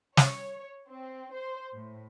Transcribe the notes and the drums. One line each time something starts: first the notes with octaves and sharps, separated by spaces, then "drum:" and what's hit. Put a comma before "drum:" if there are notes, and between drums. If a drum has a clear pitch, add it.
C#5, drum: snare
C4
C5
A2